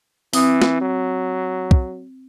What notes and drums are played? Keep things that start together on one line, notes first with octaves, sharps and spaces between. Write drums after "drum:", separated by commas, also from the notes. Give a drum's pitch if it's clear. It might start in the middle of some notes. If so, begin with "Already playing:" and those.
E3 C4 D#6, drum: open hi-hat
drum: snare
F#3
drum: kick